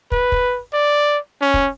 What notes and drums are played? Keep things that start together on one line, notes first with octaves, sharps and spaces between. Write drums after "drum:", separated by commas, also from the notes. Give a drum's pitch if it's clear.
B4, drum: kick
drum: kick
D5
C#4
drum: kick